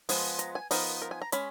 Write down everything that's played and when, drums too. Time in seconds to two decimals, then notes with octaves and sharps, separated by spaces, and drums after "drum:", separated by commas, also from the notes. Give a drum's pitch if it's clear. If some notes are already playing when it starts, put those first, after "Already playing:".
0.09 F3 G#3 B3, drum: open hi-hat
0.39 A#5, drum: hi-hat
0.55 G#5
0.71 F3 B3 D#4 A#4, drum: open hi-hat
1.02 A#4
1.11 G#5
1.22 A#5
1.32 G#3 C#4 B5, drum: hi-hat